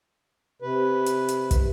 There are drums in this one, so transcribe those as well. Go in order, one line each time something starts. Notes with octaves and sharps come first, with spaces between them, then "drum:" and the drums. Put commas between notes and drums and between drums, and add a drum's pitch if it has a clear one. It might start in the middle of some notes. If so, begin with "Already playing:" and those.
C3 B4
drum: hi-hat
drum: hi-hat
drum: kick, hi-hat